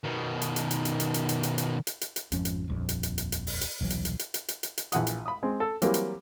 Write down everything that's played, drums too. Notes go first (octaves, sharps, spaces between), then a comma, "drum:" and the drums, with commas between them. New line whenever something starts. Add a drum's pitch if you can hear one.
B2 D#3
drum: hi-hat
drum: hi-hat
drum: hi-hat
drum: hi-hat
drum: hi-hat
drum: hi-hat
drum: hi-hat
drum: hi-hat
drum: hi-hat
drum: hi-hat
drum: hi-hat
drum: hi-hat
G#1 F2 F3 C#4, drum: hi-hat
drum: hi-hat
D#1 A#1 F2
drum: hi-hat
drum: hi-hat
drum: hi-hat
drum: hi-hat
drum: open hi-hat
drum: hi-hat
D#1 B1 E3 F#3
drum: hi-hat
drum: hi-hat
drum: hi-hat
drum: hi-hat
drum: hi-hat
drum: hi-hat
drum: hi-hat
A#1 E3 F#5 D#6, drum: hi-hat
drum: hi-hat
B5 D#6
G#3 C4
A4
E3 F#3 G3 A#3 C4, drum: hi-hat
drum: hi-hat